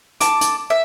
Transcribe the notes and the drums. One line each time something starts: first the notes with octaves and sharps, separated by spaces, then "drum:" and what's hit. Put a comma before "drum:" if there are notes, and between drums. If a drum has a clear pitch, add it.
A5 D6, drum: hi-hat
drum: hi-hat
E5